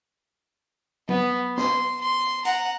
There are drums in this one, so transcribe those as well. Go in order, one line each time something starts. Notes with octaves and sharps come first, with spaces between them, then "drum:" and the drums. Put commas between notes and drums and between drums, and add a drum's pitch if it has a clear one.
B3, drum: tom F#3
C6, drum: snare
C6
F#5 A#5, drum: hi-hat